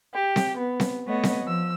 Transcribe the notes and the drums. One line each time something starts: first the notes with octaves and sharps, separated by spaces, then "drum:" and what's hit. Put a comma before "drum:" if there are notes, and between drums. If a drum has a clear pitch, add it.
G4
drum: snare C4
B3
drum: snare C4
A3 B3 C#5 D#5 F#5
drum: snare C4
F3 E6